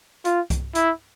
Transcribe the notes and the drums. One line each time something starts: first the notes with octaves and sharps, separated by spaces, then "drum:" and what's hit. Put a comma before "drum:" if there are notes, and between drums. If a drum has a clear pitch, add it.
F4, drum: hi-hat
drum: kick C2, hi-hat
E4, drum: hi-hat